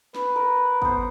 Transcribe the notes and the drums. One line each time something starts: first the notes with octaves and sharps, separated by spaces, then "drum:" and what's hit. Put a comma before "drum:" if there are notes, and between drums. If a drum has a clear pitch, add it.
B4, drum: snare
A#4
B3 C5, drum: kick